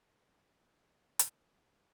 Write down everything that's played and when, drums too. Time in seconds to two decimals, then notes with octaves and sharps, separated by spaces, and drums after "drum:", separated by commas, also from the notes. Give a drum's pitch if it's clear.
0.05 F#4 G4
1.19 drum: hi-hat